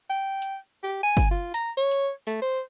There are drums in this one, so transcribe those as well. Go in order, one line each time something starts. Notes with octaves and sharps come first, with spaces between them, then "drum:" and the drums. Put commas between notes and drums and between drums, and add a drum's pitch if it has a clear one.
G5
drum: hi-hat
G4
G#5
drum: kick, open hi-hat
F4
A#5, drum: hi-hat
C#5
drum: hi-hat
A3, drum: open hi-hat
C5